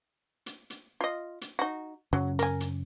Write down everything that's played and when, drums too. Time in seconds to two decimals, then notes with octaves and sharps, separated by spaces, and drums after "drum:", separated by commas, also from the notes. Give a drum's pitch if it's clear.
0.46 drum: hi-hat
0.70 drum: hi-hat
1.01 F4 D#5
1.41 drum: hi-hat
1.59 D#4 F#4
2.13 F#2 C#3 F#3 C#4
2.39 A#4 G#5, drum: hi-hat
2.60 drum: hi-hat